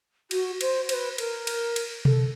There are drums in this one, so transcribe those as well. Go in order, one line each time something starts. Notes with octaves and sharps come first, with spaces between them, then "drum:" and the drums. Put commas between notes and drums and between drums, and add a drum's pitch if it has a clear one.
F#4, drum: cymbal
C5, drum: cymbal
C5, drum: cymbal
B4
A#4, drum: cymbal
drum: cymbal
drum: cymbal
A4, drum: tom B2